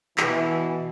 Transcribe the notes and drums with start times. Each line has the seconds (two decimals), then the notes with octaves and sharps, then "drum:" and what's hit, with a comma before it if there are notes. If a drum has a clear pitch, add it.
0.18 B2 E3, drum: clap